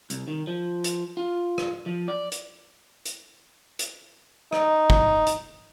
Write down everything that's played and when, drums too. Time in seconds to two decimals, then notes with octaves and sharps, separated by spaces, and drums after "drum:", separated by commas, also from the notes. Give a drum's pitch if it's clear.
0.10 C2, drum: hi-hat
0.28 D#3
0.47 F3
0.84 drum: hi-hat
1.17 F4
1.58 drum: rim click
1.86 F3
2.08 D5
2.32 drum: hi-hat
3.05 drum: hi-hat
3.79 drum: hi-hat
4.53 D#4, drum: rim click
4.90 drum: kick
5.27 drum: hi-hat